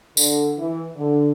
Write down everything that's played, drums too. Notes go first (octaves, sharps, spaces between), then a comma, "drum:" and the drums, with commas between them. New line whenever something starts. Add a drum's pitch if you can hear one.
D3, drum: tambourine
E3
D3